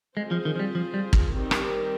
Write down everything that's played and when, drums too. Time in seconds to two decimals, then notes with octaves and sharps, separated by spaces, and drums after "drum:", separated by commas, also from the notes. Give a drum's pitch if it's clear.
0.17 G#3 C4 F4 G#4 C5
0.31 F3
0.45 D#3
0.56 F3
0.59 G3
0.75 F3
0.94 G3
1.13 drum: kick
1.32 D#3 G3 C4 G4
1.51 drum: rim click